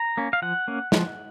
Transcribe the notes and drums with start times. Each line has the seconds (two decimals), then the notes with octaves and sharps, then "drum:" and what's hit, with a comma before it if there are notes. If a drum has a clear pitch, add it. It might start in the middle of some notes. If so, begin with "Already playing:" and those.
Already playing: A#5
0.17 A#3 C#4
0.33 F5
0.42 F3 F#5
0.68 A#3 C#4
0.92 F3, drum: snare